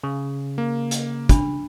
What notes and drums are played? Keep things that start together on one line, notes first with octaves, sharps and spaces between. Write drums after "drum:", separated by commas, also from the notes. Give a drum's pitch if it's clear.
C#3
A#3
drum: hi-hat
D4 B5, drum: kick, hi-hat